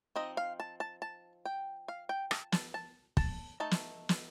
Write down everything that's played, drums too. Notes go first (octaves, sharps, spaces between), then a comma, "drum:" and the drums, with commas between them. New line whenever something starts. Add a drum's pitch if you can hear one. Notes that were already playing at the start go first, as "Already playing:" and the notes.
F3 C4 D#4 D#5
F5
A5
A5
A5
G5
F5
G5
A5, drum: rim click
A5, drum: snare
A5
A5, drum: kick
A3 D#4 A5
drum: snare
drum: snare